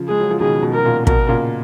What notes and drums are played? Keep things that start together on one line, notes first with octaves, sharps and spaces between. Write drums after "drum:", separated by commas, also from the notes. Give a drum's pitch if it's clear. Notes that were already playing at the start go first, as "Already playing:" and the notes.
Already playing: C#3 F3
G#3 G#4
F#3
F3
B2 D#3 G#4
B2
B2 A#4
A#2
B2 A#4, drum: kick
A#2 C#3